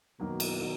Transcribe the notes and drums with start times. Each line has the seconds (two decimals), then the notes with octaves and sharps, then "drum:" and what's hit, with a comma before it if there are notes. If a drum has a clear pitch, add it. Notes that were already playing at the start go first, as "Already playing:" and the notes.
0.20 F#2 B2 D#3 F#3 A#3
0.40 drum: cymbal
0.61 D#3 F#3